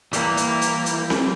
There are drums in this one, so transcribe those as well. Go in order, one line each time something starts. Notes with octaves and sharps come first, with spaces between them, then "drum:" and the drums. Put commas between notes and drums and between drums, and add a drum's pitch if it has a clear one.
E3 G3 A#3, drum: hi-hat
drum: hi-hat
drum: hi-hat
drum: hi-hat
drum: snare C4